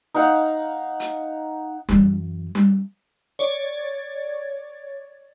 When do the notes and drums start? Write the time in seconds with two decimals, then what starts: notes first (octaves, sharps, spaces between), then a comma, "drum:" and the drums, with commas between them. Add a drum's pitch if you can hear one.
0.14 D#4 F5 F#5
1.00 drum: hi-hat
1.89 F#2 E3, drum: tom G3
2.55 drum: tom G3
3.39 C#5 D5